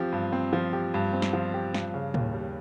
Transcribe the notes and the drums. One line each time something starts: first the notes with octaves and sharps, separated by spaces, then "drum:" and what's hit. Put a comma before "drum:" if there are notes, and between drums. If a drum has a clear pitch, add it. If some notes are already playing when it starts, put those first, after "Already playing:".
Already playing: F3 C4 G4
G2
C4
F3
G4
G2
C4
drum: snare
F3
G4
G2, drum: snare
C#3
D#2, drum: tom A2
G3